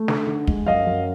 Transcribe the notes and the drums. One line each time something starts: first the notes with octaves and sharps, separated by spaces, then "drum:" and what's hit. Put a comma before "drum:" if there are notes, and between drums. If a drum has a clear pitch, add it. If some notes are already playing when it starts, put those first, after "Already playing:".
Already playing: A3
D3, drum: snare
D3
G#3, drum: kick
F#2 D#5 F5
F#2